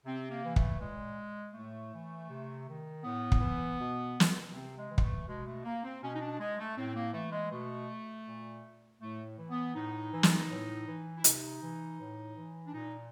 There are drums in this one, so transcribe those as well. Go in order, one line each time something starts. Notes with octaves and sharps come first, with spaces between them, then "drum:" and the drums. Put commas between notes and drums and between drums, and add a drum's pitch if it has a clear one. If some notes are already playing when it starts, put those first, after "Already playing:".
C3 C4
A#3
E3
A3, drum: kick
A#2 G#3
A2 A3
E3
C3
D#3
A2 B3
drum: kick
E3
B2
drum: snare
C3 C4
G#3
E3
G#3, drum: kick
A3
B2 G#3
A3
A#3
C4
B2 C#4
D#4
D4
G#3
A3
A2 C4
A#3
E3 A3
G#3
B2 A3
A#2
A2 A3
E3
B3
A2 D#4
E3
drum: snare
A2
E3
E4
C3 D#4, drum: hi-hat
E3
A2
E3
D4
A#2 D#4